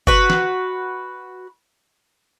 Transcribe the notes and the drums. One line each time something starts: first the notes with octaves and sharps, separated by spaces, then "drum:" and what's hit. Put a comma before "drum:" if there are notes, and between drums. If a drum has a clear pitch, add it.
F#4 B4, drum: kick F#1
drum: snare